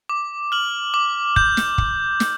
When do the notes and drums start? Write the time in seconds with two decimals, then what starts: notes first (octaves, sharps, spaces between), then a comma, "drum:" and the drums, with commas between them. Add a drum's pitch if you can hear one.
0.09 D6
0.52 F6 F#7
0.94 D6
1.36 G6, drum: kick
1.57 drum: snare
1.78 drum: kick
2.20 drum: snare